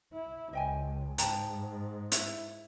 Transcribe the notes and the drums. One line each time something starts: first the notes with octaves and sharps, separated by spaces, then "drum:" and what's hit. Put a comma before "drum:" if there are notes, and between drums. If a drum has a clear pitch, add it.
E4
C#2 D#5 G5 G#5
G#2 G5 A5 A#5, drum: hi-hat
E4, drum: hi-hat